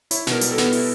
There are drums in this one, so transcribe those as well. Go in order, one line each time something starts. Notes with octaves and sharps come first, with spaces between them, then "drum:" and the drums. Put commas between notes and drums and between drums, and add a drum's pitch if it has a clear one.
E4 C#5, drum: hi-hat
B2 A#4, drum: snare
G3, drum: hi-hat
A4
B3, drum: snare
E4, drum: open hi-hat